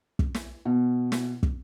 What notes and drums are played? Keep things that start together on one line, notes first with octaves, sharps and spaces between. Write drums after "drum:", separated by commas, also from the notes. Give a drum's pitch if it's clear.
drum: kick
drum: snare
B2
drum: snare
drum: kick